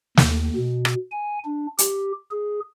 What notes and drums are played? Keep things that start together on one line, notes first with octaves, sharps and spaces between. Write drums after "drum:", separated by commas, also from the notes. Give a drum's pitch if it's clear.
D#2, drum: snare
B2
drum: rim click
G#5
D4
G4, drum: hi-hat
G#4